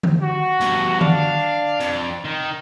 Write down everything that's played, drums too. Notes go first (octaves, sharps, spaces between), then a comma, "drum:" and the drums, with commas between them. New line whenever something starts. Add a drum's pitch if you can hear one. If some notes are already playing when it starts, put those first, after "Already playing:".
drum: tom D3
F#4
G2 B2, drum: hi-hat
D4 F5, drum: tom D3
F2, drum: hi-hat
D#3